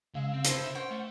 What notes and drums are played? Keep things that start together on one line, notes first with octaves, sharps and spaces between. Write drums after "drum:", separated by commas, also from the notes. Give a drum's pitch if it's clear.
C#3 G#3 F5 E6
C4
E4 A4 C5, drum: hi-hat
C3 E5
C#4 C5 F#5 G5
A3